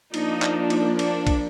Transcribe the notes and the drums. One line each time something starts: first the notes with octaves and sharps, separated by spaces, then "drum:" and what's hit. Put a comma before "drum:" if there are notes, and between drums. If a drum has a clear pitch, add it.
F3 A#3 D4 D#4, drum: cymbal
drum: clap
drum: cymbal
D4, drum: cymbal
drum: kick, cymbal